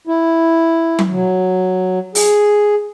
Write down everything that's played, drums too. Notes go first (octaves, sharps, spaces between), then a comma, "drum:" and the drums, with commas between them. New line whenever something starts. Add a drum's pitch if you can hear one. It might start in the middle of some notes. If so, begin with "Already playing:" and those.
E4
drum: tom F#3
F#3
G#4, drum: open hi-hat